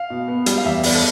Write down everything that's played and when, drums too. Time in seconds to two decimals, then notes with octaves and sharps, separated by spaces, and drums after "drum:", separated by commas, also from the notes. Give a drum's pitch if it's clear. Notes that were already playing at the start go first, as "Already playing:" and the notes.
Already playing: F5
0.10 B2
0.28 B3
0.46 G3, drum: hi-hat
0.57 F5
0.65 E2 E5
0.83 B3 D5, drum: open hi-hat
0.94 A4